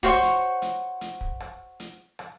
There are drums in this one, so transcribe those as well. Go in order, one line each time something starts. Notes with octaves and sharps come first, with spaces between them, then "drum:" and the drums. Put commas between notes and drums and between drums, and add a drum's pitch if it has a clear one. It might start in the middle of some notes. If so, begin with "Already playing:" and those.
F#4 C5 C#5 C#6, drum: kick
drum: hi-hat
drum: hi-hat
drum: hi-hat
drum: kick
drum: rim click
drum: hi-hat
drum: rim click